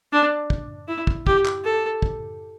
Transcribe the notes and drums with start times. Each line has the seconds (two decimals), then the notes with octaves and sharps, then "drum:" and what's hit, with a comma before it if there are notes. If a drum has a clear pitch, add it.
0.12 D4
0.50 drum: kick
0.88 E4
1.07 drum: kick
1.27 G4, drum: kick
1.45 drum: clap
1.64 A4
2.02 drum: kick